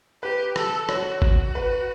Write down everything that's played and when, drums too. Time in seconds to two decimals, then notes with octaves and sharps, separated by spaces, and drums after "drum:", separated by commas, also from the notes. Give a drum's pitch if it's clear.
0.23 G4 B4
0.56 A4, drum: rim click
0.89 F#4 C#5, drum: rim click
1.22 F#4, drum: kick G#1
1.55 B4